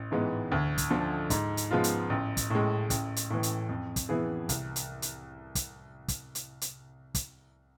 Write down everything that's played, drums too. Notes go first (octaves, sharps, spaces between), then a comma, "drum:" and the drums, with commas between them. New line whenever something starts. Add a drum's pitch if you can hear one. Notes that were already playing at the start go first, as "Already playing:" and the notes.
Already playing: A1
G#2 E3 G#3 B3
D2
drum: kick, hi-hat
D3 F3
G#2, drum: kick, hi-hat
drum: hi-hat
F3 G#3 B3 F4
drum: hi-hat
A1
drum: kick, hi-hat
A2 G#3
A1, drum: kick, hi-hat
drum: hi-hat
A2 E3
drum: hi-hat
F2
drum: kick, hi-hat
E3 B3 E4 G#4
C2, drum: kick, hi-hat
drum: hi-hat
drum: hi-hat
drum: kick, hi-hat
drum: kick, hi-hat
drum: hi-hat
drum: hi-hat
drum: kick, hi-hat